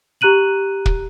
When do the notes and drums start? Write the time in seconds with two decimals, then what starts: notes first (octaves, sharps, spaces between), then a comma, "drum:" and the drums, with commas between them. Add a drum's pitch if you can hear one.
0.21 G4 A#5 F#6 D#7 F#7
0.86 drum: kick